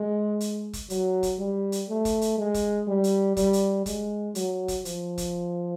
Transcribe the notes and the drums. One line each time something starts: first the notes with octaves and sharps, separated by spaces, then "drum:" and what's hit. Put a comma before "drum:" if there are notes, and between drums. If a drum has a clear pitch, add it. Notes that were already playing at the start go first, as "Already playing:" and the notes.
Already playing: G#3
drum: hi-hat
drum: kick E1, hi-hat
F#3, drum: hi-hat
drum: kick E1, hi-hat
G3
drum: hi-hat
A3
drum: kick E1, hi-hat
drum: hi-hat
G#3
drum: kick E1, hi-hat
G3
drum: hi-hat
G3, drum: kick E1, hi-hat
drum: hi-hat
G#3, drum: kick E1, hi-hat
F#3, drum: hi-hat
drum: kick E1, hi-hat
F3, drum: hi-hat
drum: kick E1, hi-hat